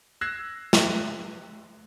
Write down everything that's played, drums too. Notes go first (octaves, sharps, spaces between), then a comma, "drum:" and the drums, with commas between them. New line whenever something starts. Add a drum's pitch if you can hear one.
E6 F#6 G#6 A#6 C7 E7
drum: snare